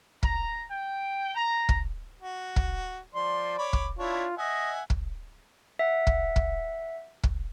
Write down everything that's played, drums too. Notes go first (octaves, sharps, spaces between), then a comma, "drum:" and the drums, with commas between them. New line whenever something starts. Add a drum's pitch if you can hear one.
A#5, drum: kick
G5
A#5
drum: kick
F#4
drum: kick
F3 D5 C6
C#5 B5 D6
drum: kick
D4 E4 F4 C#5
D#5 E5 F#5 G#5
drum: kick
E5 F#5
drum: kick
drum: kick
drum: kick